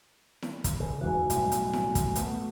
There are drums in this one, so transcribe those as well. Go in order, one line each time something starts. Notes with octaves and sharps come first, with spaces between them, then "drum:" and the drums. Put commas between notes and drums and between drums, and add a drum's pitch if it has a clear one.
drum: snare E4
drum: kick, hi-hat
C#3
E2 G#2 E3 F#4 G#5
B1 A2 G3, drum: hi-hat
drum: hi-hat
drum: snare E4
drum: kick, hi-hat
A3 B3, drum: hi-hat